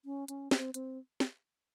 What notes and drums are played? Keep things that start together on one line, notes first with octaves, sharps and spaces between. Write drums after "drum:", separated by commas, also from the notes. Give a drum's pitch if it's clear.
C#4
C#4, drum: hi-hat
C4, drum: snare
C4, drum: hi-hat
drum: snare